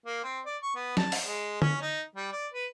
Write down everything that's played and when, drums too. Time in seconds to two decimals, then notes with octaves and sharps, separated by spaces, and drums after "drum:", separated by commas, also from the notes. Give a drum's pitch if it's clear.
0.06 A#3
0.24 C4
0.46 D5
0.62 C#6
0.75 B3
0.97 A5, drum: snare
1.12 drum: open hi-hat
1.24 G#3
1.62 C#4, drum: tom D3
1.81 D#4
2.16 G3
2.32 D5
2.54 B4